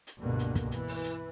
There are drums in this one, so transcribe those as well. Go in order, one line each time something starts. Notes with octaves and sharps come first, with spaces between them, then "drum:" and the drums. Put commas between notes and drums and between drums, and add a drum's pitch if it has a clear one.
drum: hi-hat
C#2 G2 B2 D3 A#3
drum: hi-hat
drum: kick, hi-hat
E3, drum: hi-hat
drum: open hi-hat
drum: hi-hat